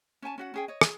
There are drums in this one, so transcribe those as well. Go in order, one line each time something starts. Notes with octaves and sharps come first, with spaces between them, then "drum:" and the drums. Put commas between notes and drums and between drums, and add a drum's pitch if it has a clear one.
C#4 C#5 G#5 A5
C#4 F#4 F#5
C#4 G#4 G5
C#5 D#5
G#4, drum: rim click